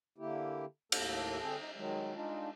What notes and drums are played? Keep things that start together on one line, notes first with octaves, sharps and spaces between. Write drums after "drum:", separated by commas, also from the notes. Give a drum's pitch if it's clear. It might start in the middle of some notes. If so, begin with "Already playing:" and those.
D3 A#3 E4 G4
D#2 A2 A#3 A4, drum: cymbal
D3 C4 G#4 A4 A5
D#4
D#3 F#3 G#3
G#3 D4 D#4 F4